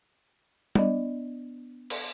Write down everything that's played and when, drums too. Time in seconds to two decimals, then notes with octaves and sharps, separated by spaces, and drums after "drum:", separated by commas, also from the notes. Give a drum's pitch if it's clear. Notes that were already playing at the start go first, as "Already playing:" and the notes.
0.75 B3 D4 D5 D#5, drum: tom G3
1.90 drum: cymbal